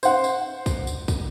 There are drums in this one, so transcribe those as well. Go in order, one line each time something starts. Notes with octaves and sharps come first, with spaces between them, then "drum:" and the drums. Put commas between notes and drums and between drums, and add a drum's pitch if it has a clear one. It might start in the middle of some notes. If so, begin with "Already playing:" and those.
C5 F#5, drum: tambourine
drum: tambourine
drum: kick, tambourine
drum: tambourine
drum: kick, tambourine